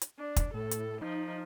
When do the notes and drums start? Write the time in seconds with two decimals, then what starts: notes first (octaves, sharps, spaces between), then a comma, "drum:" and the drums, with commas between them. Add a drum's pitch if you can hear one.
0.02 drum: hi-hat
0.19 D4
0.36 drum: kick, hi-hat
0.54 A2 A4
0.71 drum: hi-hat
1.02 F3 D#4